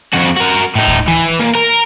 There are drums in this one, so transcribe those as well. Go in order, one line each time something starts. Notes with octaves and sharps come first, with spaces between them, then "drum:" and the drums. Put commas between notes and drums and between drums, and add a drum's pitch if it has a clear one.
F2 F#4
F#4 A#4, drum: hi-hat
A2 D#4
drum: kick D2, hi-hat
E3
A#2, drum: hi-hat
A#4